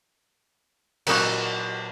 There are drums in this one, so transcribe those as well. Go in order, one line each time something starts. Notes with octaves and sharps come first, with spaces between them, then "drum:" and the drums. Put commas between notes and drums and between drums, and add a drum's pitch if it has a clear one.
A#2 F#3 A#3 D#4 E4 F#4, drum: cymbal